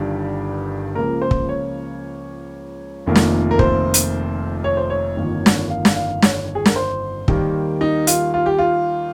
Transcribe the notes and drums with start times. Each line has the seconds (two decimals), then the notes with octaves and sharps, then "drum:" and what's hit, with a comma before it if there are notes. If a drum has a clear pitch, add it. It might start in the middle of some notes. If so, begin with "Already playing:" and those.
Already playing: G1 G2 D#3 G3
0.95 C#2 C#3 F3 A#3 A#4
1.22 C5
1.31 drum: kick
1.49 C#5
3.06 F1 F2 D#3 A#3
3.16 drum: snare
3.51 A#4
3.59 C5, drum: kick
3.94 drum: hi-hat
4.64 C#5
4.77 C5
4.90 C#5
5.17 G1 F2 D#3 A#3
5.46 drum: snare
5.70 F5
5.85 drum: snare
5.96 F5
6.22 C#5, drum: snare
6.55 G#4
6.66 A#4, drum: snare
6.76 C5
7.28 D#2 D#3 G3 A#3, drum: kick
7.81 D#4
8.07 F4, drum: hi-hat
8.34 F4
8.46 G4
8.58 F4